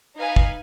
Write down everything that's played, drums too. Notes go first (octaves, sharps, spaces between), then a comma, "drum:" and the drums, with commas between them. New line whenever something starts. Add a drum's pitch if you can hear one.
D#4 B4 F5 G#5
drum: kick